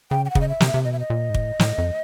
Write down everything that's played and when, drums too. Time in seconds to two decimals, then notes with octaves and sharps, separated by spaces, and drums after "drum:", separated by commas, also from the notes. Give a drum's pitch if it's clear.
0.11 C#3 G5
0.25 G5
0.30 F#5
0.35 C#3, drum: kick
0.41 D#5
0.49 E5
0.60 C3, drum: snare
0.67 E5
0.74 C3
0.85 B2 D#5
0.93 E5
1.00 D#5
1.10 A#2
1.30 G#2
1.35 A2, drum: kick
1.59 A2, drum: snare
1.78 F2